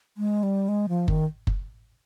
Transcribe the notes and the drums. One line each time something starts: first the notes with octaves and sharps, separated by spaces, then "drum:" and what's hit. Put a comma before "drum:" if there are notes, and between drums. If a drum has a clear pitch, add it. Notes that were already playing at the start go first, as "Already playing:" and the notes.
G#3
G3
G#3
F3
D#3, drum: kick F#1
drum: kick F#1